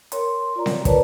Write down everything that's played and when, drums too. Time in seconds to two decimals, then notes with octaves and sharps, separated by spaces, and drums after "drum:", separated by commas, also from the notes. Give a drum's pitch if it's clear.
0.12 A#4 C#5 C6, drum: hi-hat
0.56 F4 D5 A#5
0.66 drum: snare C4
0.85 A#4 B4 C#5 D5 A5, drum: kick, hi-hat